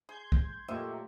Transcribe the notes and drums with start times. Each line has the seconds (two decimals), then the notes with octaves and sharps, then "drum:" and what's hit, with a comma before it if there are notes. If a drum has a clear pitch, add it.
0.09 G#4 C6 G6 G#6
0.32 drum: kick
0.68 A#2 F#3 A3 A#3 G4 C5 D#5 E5